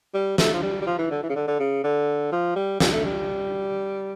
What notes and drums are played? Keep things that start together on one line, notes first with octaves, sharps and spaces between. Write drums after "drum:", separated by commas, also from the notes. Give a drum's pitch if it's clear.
G3
A3, drum: snare
F3
G3
G3
F3
E3
D3
E3
C#3
D3
D3
C#3
D3
F3
G3
G3, drum: snare
A3
G3